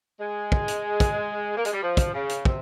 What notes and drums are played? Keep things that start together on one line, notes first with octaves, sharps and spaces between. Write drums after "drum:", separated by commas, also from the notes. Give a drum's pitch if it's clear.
G#3
drum: kick
drum: hi-hat
drum: kick, hi-hat
A#3
G#3, drum: hi-hat
G3
F3
drum: kick, hi-hat
C#3
drum: hi-hat
C3, drum: kick